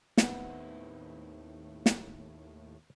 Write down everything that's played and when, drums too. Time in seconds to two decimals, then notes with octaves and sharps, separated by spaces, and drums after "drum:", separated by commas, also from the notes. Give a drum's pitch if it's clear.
0.18 D#2 A2 B3 C4 D#4 E4, drum: snare
1.86 drum: snare